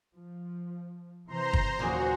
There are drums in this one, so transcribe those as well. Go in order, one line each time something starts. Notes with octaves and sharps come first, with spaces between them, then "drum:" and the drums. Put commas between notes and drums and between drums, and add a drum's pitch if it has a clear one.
F3
C3 E3 C5 A#5 C6
drum: kick
D#2 A#2 C#3 E3 F#3 F#4 G#4